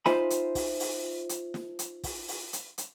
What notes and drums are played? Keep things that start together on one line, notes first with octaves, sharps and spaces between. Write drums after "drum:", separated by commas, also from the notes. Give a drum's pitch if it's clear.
D#4 F4 C5 E5 G#5 B5, drum: snare
drum: hi-hat
drum: kick, open hi-hat
drum: open hi-hat
drum: hi-hat
drum: snare
drum: hi-hat
drum: kick, open hi-hat
drum: open hi-hat
drum: hi-hat
drum: hi-hat